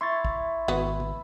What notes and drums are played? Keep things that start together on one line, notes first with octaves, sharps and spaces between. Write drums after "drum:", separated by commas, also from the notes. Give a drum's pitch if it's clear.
E4 C6 C#6 A6
drum: kick
G#1 B3 F#4
drum: tom